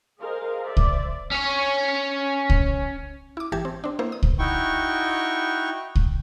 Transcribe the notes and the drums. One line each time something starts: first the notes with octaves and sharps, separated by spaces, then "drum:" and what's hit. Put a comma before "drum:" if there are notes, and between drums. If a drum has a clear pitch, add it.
G#4 A#4 C5 D#5 F5
C5 D5 E5
drum: kick C2
C#4 C#5
drum: kick C2
E4 D6
G#1 E3 G4 A5 G#6
C4
C4 D4
A#3 B3 E4 C5
D#6
drum: kick C2
D#4 E4 F#4 G5 C#6
drum: kick C2